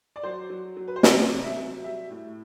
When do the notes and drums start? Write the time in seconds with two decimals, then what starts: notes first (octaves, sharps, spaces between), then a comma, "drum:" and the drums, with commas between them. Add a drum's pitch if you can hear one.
0.16 D5
0.23 F#3 C5
0.50 F#3
0.76 F#3
0.88 B4
0.96 C5
1.03 C3 D5, drum: snare
1.31 C3
1.44 E5
1.57 F#3
1.84 G3 E5
2.10 A2